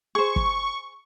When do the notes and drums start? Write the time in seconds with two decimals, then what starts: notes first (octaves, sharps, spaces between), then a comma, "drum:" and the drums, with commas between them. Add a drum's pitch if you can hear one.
0.15 G#4 C5 C#6
0.36 drum: kick